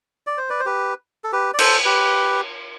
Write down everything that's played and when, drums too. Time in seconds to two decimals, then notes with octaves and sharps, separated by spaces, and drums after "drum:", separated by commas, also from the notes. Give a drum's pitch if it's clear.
0.27 D5
0.38 C5
0.49 B4 D5
0.60 C5
0.66 G4 B4
1.24 A4
1.32 G4 B4
1.54 D5
1.59 A4 C5, drum: cymbal
1.85 G4 B4